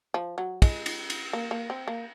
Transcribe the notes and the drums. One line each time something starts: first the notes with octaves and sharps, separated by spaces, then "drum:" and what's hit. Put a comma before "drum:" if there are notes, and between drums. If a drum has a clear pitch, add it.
F3
F#3
G#3, drum: kick, cymbal
drum: cymbal
drum: cymbal
A#3
A#3
C4
A#3